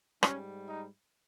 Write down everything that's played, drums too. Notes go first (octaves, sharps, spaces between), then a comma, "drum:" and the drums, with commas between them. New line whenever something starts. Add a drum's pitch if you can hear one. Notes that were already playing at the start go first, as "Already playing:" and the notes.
G#2 G3 C#4, drum: rim click
D#4